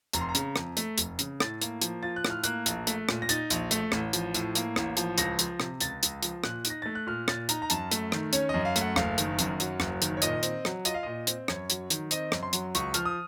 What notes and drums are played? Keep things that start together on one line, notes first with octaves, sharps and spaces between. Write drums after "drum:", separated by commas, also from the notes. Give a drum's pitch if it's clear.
F1 A#5, drum: hi-hat
C6
A#5
C#3, drum: hi-hat
F2, drum: rim click
A3, drum: hi-hat
F1, drum: hi-hat
C#3, drum: hi-hat
A2 A6, drum: rim click
A#3, drum: hi-hat
F3, drum: hi-hat
F4 A6
F#6
A2, drum: rim click
F6
A#3 F#6, drum: hi-hat
A#1, drum: hi-hat
A3, drum: hi-hat
A#2, drum: rim click
A#6
D#4 A6, drum: hi-hat
A#1, drum: hi-hat
A3, drum: hi-hat
A1, drum: rim click
F3, drum: hi-hat
A2, drum: hi-hat
A#3, drum: hi-hat
A1, drum: rim click
F3, drum: hi-hat
C#2 A#6, drum: hi-hat
F3, drum: hi-hat
C3, drum: rim click
C#2 A6, drum: hi-hat
C#2, drum: hi-hat
F3, drum: hi-hat
A#2 F#6, drum: rim click
D#4, drum: hi-hat
A#6
A3 A6
F#6
A#2 F6
A#2 A6, drum: rim click
D#4 A#5, drum: hi-hat
A#5
F#2 A5, drum: hi-hat
A3, drum: hi-hat
D#3, drum: rim click
C#4 C#5, drum: hi-hat
F#2 D#5
F5
A3, drum: hi-hat
F#5
F#1 F5, drum: rim click
D#3, drum: hi-hat
F#2, drum: hi-hat
F#3, drum: hi-hat
F#1, drum: rim click
D#3, drum: hi-hat
C#5
A#2 D#5, drum: hi-hat
C4, drum: hi-hat
F#3, drum: rim click
F4 D#5, drum: hi-hat
F5
A#2 D#5
C4, drum: hi-hat
F#2 C#5, drum: rim click
F#3, drum: hi-hat
D#3, drum: hi-hat
C4 D#5, drum: hi-hat
F#2, drum: rim click
C6
F#3, drum: hi-hat
C#2 C#6, drum: hi-hat
F3 F6, drum: hi-hat
D#6